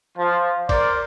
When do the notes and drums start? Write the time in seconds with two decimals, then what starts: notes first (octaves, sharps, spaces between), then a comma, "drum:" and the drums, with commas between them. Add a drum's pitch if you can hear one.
0.18 F3
0.69 A#4 C5 D5, drum: kick, cymbal